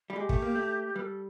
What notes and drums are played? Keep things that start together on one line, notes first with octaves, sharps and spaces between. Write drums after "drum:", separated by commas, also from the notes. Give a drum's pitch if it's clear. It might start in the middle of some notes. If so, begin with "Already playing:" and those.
G3
G#3 G4
A3, drum: kick
A#3
A3
G3 A4 B4